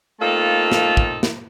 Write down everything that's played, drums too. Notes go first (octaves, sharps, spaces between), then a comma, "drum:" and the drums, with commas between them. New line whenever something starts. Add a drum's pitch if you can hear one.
A3 A#3 C4 D#4 F4 A4
drum: snare
drum: kick
drum: snare